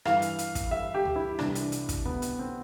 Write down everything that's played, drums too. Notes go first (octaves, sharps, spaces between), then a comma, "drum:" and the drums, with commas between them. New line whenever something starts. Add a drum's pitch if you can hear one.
G2 E3 F5, drum: rim click
drum: hi-hat
drum: hi-hat
drum: kick, hi-hat
E5
G4
drum: tom C#2
E4
C2 C3 E3 D4, drum: rim click
drum: hi-hat
drum: hi-hat
drum: kick, hi-hat
B3, drum: tom C#2
drum: hi-hat
C4